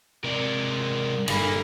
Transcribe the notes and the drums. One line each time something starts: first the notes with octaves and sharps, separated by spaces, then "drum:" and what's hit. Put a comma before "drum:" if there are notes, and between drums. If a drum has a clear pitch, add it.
C3 G#3 A#4 D5
G1 A#2 A#3 B5, drum: cymbal